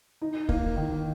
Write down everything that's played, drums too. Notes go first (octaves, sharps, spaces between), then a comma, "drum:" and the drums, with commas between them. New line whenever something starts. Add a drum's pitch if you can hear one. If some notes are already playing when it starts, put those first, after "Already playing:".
D#4
A#3, drum: kick
D#3